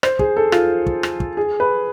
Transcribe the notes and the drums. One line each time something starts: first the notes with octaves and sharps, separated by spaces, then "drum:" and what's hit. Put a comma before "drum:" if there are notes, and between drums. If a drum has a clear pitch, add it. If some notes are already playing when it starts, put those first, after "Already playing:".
C5, drum: rim click
G#4, drum: kick
A4
F4, drum: rim click
drum: kick
drum: rim click
drum: kick
G#4
B4